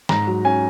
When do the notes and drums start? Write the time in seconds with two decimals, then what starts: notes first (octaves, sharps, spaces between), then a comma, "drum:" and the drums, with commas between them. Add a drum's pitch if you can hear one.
0.09 G#2 A#5, drum: snare
0.27 F#3
0.45 C#4 G#5